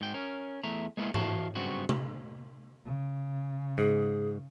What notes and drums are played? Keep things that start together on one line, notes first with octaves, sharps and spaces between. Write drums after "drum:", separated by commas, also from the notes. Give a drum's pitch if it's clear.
G#2 G5
C#4 A#4
E2 A3 E5 A#5
G#3 A#3 B3 E4 G#4
E3 F#4 F5 A5, drum: tom
G2 C#3 F#3 B3 C4 F#4
drum: tom C3
C#3
G#2 G#4